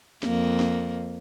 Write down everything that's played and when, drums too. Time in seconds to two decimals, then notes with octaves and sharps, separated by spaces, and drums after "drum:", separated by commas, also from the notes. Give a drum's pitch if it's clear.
0.23 F2 A#3, drum: snare
0.60 drum: snare